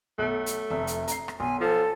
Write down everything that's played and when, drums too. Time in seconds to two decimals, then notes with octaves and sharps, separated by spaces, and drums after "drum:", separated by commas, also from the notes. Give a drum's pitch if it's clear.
0.19 B1 A3
0.46 drum: hi-hat
0.70 F1 F2 E5
0.87 drum: hi-hat
1.08 A#5 C7, drum: hi-hat
1.28 drum: rim click
1.40 B1 G#5 C6
1.61 F3 A4